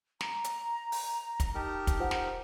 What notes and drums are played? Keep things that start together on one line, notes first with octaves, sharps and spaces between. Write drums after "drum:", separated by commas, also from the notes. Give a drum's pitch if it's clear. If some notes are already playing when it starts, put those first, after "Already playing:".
A#5, drum: snare
drum: hi-hat
drum: open hi-hat
drum: kick, hi-hat
D#4 G4 A#4 A5
drum: kick, hi-hat
F4 C5 F#5
drum: snare